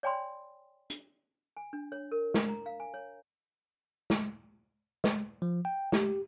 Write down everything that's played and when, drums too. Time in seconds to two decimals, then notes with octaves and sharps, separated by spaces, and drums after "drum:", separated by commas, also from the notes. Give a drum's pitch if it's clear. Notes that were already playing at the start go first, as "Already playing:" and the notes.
0.03 C#5 D5 G5 G#5 B5 C6
0.90 drum: hi-hat
1.57 G#5
1.73 D4
1.92 C#5
2.12 A#4
2.34 drum: snare
2.48 A#5
2.66 F5
2.80 G#5
2.94 C#5
4.10 drum: snare
5.04 drum: snare
5.42 F3
5.65 G5
5.92 G4, drum: snare